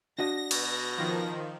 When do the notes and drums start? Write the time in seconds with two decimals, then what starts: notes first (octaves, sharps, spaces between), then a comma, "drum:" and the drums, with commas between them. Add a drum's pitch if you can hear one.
0.19 D4 F#4 D#5 A#6
0.51 B2, drum: cymbal
0.98 D#3 F3